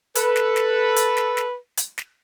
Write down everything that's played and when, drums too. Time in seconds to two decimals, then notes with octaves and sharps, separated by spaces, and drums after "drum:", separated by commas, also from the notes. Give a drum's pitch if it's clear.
0.15 A4 B4, drum: hi-hat
0.36 drum: snare
0.56 drum: snare
0.96 drum: hi-hat
1.17 drum: snare
1.37 drum: snare
1.77 drum: hi-hat
1.98 drum: snare